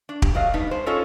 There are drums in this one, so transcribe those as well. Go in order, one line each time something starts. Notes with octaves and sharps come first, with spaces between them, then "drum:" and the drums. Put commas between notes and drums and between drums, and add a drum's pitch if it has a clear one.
D4
G4, drum: kick
F#3 A3 D#5 F5
G3 B3 D4 D#4
G#3 C5
C#4 F4 A4 C5 C#5 D#5